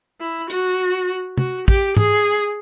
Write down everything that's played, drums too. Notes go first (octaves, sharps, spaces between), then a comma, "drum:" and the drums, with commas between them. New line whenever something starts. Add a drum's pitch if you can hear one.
E4
F#4, drum: hi-hat
F#4, drum: tom C3
G4, drum: kick
G#4, drum: tom G#2